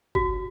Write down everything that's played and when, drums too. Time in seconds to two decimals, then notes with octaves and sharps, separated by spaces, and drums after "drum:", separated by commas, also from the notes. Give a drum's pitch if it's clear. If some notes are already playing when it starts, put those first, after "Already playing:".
0.15 F#4, drum: kick